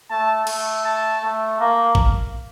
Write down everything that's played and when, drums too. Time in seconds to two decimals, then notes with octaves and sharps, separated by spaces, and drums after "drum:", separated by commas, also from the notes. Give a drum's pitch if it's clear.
0.10 A3 A5
0.47 A3, drum: cymbal
0.85 A5
1.22 A3
1.58 A#3
1.95 drum: kick G#1